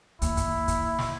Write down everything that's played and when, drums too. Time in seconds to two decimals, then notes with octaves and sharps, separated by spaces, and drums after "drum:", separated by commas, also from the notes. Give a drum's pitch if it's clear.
0.22 D#2 E4, drum: hi-hat
0.37 drum: kick, hi-hat
0.68 drum: kick, hi-hat
0.99 drum: snare